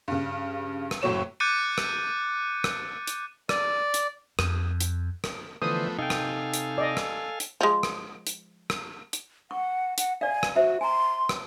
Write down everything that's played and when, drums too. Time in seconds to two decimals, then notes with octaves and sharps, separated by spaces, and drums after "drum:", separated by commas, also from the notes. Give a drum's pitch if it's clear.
0.08 G2 C#3
0.91 drum: rim click
1.02 F#1 A2 F#3 C#5 E7
1.40 D6 F#6 G6 A6 C#7 D#7
1.78 drum: rim click
2.64 drum: rim click
3.07 drum: hi-hat
3.49 D5, drum: rim click
3.94 drum: hi-hat
4.39 F2, drum: rim click
4.80 drum: hi-hat
5.24 drum: rim click
5.62 D3 E3 F3 A3 B3 C5 D#6
5.99 C3 D#4 A4 F5 G5 G#5
6.10 drum: rim click
6.54 drum: hi-hat
6.78 D5 D#5
6.97 drum: rim click
7.40 drum: hi-hat
7.61 F3 G#3
7.83 drum: rim click
8.27 drum: hi-hat
8.70 drum: rim click
9.13 drum: hi-hat
9.51 F#5 C#6
9.98 F#5, drum: hi-hat
10.21 D5 F5 G#5
10.43 drum: rim click
10.56 F#4 C5 E5 F#5
10.81 G#5 A#5 C6
11.29 drum: rim click